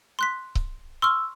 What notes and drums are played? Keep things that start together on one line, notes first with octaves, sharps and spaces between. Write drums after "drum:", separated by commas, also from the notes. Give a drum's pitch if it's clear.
C6 F#6 B6
drum: kick C#1
C6 C#6 E6 F6